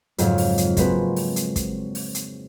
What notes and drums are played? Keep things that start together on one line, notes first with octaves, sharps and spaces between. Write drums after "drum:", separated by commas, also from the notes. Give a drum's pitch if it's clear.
F2 G#2 C#3 F#3 A4 F5, drum: hi-hat
drum: open hi-hat
drum: hi-hat
G#3 A#3 C4 F#4 B4, drum: kick, hi-hat
drum: open hi-hat
drum: hi-hat
drum: kick, hi-hat
drum: open hi-hat
drum: hi-hat